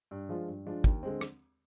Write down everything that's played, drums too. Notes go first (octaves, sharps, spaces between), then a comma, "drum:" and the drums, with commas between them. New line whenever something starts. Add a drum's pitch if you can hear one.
G2
F3 G#3 D4 F4
G2
F3 G#3 D4 F4
D#2, drum: kick
D3 G#3 C4
drum: rim click